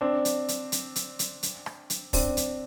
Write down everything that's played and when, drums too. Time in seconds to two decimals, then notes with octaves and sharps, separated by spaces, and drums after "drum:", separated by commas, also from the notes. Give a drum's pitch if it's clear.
0.01 C4 D4
0.25 drum: hi-hat
0.48 drum: hi-hat
0.72 drum: hi-hat
0.96 drum: hi-hat
1.19 drum: hi-hat
1.43 drum: hi-hat
1.66 drum: rim click
1.90 drum: hi-hat
2.13 C4 D4, drum: kick, open hi-hat
2.37 drum: hi-hat